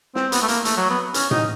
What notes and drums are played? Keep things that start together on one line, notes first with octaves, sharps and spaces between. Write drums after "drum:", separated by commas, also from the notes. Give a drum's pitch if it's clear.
C4, drum: snare
B3, drum: hi-hat
A3
A#3, drum: hi-hat
A3, drum: hi-hat
F#3
B3
C#4, drum: hi-hat
D#4, drum: tom A2